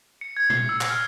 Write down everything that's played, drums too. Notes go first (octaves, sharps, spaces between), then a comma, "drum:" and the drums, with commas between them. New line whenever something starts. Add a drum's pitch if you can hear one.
C#7
G#6
C7, drum: tom A#2
E6
drum: clap
F6